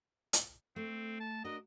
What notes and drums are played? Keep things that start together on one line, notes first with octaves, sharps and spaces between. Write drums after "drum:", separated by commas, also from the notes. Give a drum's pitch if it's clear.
drum: hi-hat
A3 C4
A5
D4 F#4 A#4 D#5